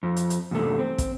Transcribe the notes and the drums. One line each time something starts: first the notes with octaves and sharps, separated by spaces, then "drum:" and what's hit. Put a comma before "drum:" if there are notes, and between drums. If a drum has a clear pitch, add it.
F2
drum: hi-hat
drum: hi-hat
E2 G2 C3 A3
C4
drum: kick, hi-hat